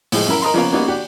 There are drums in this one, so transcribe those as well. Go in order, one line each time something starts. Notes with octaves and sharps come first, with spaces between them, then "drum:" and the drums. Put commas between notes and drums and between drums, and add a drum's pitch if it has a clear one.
A2 F3 G#3, drum: open hi-hat
F#2 E4 A#4
A#4 D#5 A#5 C6
F3 A#3 B3 C#4 F4 A#4
G3 A#3 B3 C#4 D#4 F#4
D4 F#4 G4